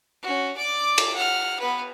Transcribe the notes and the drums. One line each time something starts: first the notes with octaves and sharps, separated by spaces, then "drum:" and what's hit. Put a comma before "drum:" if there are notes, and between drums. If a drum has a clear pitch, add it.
C#4 F#4
D5 D6
drum: cymbal
F#5 F6
B3 B4